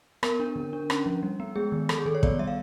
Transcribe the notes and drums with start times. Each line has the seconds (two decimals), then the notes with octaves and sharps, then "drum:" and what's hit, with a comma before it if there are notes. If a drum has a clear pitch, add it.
0.23 B3 A#4, drum: rim click
0.40 D4
0.56 D3
0.73 D4
0.90 C#4, drum: rim click
1.06 F3
1.23 G3
1.40 B3
1.56 G#3 G#4
1.72 D#3
1.89 D#3 A4, drum: rim click
1.98 G#4
2.06 D#3 A4
2.15 C#5
2.23 B3 D5, drum: kick
2.39 G3 E5
2.47 F5